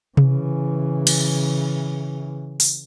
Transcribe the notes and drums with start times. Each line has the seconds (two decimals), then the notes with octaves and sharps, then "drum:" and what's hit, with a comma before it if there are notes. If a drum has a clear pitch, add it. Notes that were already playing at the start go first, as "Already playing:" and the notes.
0.17 C#3 E3, drum: tom C3
1.07 drum: cymbal
2.60 drum: open hi-hat